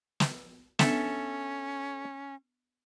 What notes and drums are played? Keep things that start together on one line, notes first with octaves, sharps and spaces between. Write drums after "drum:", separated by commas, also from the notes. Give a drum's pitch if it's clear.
drum: snare
B3 C#4 D4 A4 E5, drum: snare